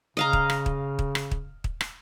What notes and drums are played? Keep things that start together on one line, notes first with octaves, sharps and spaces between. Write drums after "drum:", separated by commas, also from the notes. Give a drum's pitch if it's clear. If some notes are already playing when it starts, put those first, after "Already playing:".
C#3 D#5 F5 A#5
drum: kick
drum: rim click
drum: kick
drum: kick
drum: rim click
drum: kick
drum: kick
drum: rim click